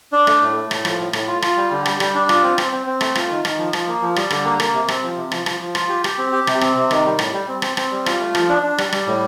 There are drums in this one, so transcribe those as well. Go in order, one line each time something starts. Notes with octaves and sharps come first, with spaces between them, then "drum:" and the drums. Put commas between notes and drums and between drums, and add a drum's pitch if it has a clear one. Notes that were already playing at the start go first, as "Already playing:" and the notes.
D4
A3, drum: rim click
A2
A3
A2, drum: rim click
F3, drum: rim click
A2
A2, drum: rim click
F4
F4, drum: rim click
G3
D3
G3, drum: rim click
G3, drum: rim click
D4
F4, drum: rim click
C4
C4, drum: rim click
C4
C4
A3, drum: rim click
F4, drum: rim click
D#3
D#3, drum: rim click
F3
F3, drum: rim click
A#3
F3
G3, drum: rim click
D3, drum: rim click
A#3
A#3, drum: rim click
C3
C4, drum: rim click
F3
C3
F3, drum: rim click
F3, drum: rim click
F3
F4, drum: rim click
G4
G4, drum: rim click
C4
G4
C3, drum: rim click
C4, drum: rim click
C3
D#3, drum: rim click
G3
A2, drum: rim click
G3
C4
C4, drum: rim click
C4, drum: rim click
G3
F4, drum: rim click
A3
F3, drum: rim click
D4
D4
G3, drum: rim click
G3, drum: rim click
A2